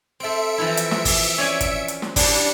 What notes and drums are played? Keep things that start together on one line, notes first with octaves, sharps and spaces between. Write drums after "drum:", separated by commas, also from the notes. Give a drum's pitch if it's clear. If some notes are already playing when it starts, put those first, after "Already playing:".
C4 A4 E5 C#7 D7
E3 F3 E4
drum: hi-hat
drum: snare
drum: kick G1, open hi-hat
C#4 D5 G#5
drum: kick G1, hi-hat
drum: hi-hat
drum: snare
G3 D4 E4 C#7, drum: kick G1, open hi-hat